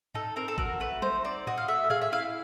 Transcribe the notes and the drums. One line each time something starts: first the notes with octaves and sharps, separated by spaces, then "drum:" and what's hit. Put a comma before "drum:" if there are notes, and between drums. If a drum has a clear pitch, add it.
D#4 A4, drum: tom G#2
C4 A#4
A4
F#4 A#4, drum: kick G#1
A3 B4
D#4 C5, drum: tom F#3
C4 D5
F#4 D#5, drum: tom G#2
F5
A3 E5
G#4 F5, drum: tom G#2
E5
E4 F5